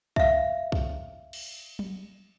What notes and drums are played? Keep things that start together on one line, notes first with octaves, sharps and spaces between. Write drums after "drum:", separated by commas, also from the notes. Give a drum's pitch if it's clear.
E5 F5, drum: kick
drum: kick
drum: cymbal
drum: tom F#3